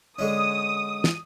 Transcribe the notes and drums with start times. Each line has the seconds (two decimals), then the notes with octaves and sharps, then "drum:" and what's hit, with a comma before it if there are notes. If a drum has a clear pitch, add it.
0.19 D3 G#3 C#4 D#6
1.04 drum: snare